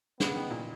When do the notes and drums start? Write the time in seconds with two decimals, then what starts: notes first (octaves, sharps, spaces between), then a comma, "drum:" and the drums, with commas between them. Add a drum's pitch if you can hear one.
0.20 C#3 B3, drum: snare
0.35 D#3
0.51 A#2